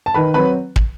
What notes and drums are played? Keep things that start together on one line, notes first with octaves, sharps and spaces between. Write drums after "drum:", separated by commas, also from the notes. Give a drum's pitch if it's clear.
A5
D#3 B4 B5
F#3 C4 B4 B5
drum: kick